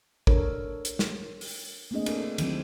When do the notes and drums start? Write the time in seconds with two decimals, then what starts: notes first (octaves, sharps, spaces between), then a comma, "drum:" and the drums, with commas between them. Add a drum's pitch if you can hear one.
0.27 D4 A4 A#4 C#5, drum: kick
0.85 drum: hi-hat
0.99 drum: snare
1.41 drum: open hi-hat
1.91 A3 A#3 C4 D4 G#4 D#5
2.06 D4 A4, drum: cymbal
2.38 D#3 E3 F#3 C4, drum: cymbal